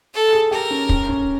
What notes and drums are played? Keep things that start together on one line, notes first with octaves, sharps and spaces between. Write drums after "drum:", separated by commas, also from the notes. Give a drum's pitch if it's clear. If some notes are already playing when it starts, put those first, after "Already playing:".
A4
G#4
G4 A#4
C#4
C#4, drum: kick
C#4